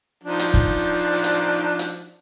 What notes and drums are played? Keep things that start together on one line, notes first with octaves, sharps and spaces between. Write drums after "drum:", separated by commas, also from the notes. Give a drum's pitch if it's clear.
F3 D4 D#4
drum: hi-hat
drum: kick
drum: hi-hat
drum: hi-hat